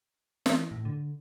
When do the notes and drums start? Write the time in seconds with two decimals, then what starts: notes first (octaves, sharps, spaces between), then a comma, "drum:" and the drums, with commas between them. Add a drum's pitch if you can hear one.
0.46 E3, drum: snare
0.71 A2
0.85 D3